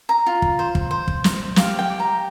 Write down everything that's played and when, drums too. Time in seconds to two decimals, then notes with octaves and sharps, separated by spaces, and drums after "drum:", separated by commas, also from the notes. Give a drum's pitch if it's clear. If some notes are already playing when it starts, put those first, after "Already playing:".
0.09 A#5
0.26 F4
0.42 drum: kick
0.59 C5
0.75 drum: kick
0.91 C5
1.08 drum: kick
1.24 C5, drum: snare
1.56 G4 F5, drum: snare
1.79 G5
1.90 G4
2.00 A#5